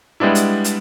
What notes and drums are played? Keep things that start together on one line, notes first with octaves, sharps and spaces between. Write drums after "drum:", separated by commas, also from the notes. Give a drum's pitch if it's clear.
G3 G#3 B3 D4 E4
drum: hi-hat
drum: hi-hat